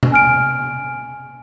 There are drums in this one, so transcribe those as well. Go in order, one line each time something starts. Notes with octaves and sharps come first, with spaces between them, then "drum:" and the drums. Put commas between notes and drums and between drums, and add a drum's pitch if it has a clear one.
drum: tom B2
G#5 F6 D7